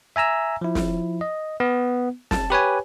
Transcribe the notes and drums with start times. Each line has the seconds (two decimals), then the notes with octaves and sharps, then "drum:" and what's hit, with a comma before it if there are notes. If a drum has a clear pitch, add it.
0.16 E5 G#5 A#5 E6
0.61 F3 E4
0.75 drum: snare
1.21 D#5
1.60 B3
2.31 A5, drum: snare
2.50 G4 B4 C#5 G#5